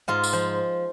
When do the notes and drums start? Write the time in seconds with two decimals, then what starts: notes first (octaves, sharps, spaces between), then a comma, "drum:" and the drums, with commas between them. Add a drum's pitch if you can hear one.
0.08 G#2 F4
0.24 drum: tambourine
0.33 F3